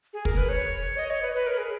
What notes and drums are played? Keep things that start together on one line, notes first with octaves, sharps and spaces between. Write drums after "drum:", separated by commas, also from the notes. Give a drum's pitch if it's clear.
G#4
A#4, drum: kick
B4
C#5
D#5
C#5
B4
B4
A#4
G#4